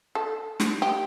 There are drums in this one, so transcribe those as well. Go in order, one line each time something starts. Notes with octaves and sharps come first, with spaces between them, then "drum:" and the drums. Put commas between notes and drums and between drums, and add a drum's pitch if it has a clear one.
A4
drum: snare
G4